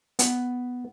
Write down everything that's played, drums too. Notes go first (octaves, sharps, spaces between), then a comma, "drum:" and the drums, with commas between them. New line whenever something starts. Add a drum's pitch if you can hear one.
B3, drum: hi-hat